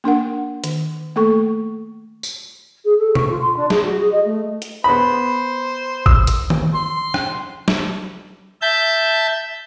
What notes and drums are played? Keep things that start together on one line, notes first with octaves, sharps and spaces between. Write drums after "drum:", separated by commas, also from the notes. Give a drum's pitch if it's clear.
A#3 D4 A#4 F#5
D#3, drum: hi-hat
A3 A#3 A4 C#6
drum: tambourine
G#4
A4
C#6, drum: tom B2
F4
C6
D4
G#4, drum: snare
F#4
G#4
D#5
A3
drum: hi-hat
B3 C5 B5
E6, drum: kick G#1
drum: hi-hat
drum: tom D#3
C6
drum: rim click
drum: snare
E5 A5 G6